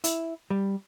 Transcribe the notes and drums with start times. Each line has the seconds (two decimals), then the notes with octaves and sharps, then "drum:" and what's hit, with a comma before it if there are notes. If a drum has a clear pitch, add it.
0.04 E4, drum: hi-hat
0.50 G3